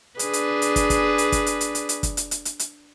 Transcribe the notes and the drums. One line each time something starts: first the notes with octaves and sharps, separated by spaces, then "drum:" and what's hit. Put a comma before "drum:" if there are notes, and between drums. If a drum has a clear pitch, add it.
D4 G#4 B4, drum: hi-hat
drum: hi-hat
drum: hi-hat
drum: kick, hi-hat
drum: kick, hi-hat
drum: hi-hat
drum: kick, hi-hat
drum: hi-hat
drum: hi-hat
drum: hi-hat
drum: hi-hat
drum: kick, hi-hat
drum: hi-hat
drum: hi-hat
drum: hi-hat
drum: hi-hat